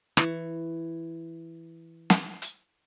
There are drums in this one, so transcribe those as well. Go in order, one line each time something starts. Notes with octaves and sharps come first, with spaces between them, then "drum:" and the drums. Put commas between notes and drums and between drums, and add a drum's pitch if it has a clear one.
E3 C#6, drum: rim click
drum: snare
drum: hi-hat